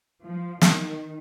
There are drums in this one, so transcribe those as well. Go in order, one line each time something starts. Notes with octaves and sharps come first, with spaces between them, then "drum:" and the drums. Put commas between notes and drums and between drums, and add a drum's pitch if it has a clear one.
F3
D#3, drum: snare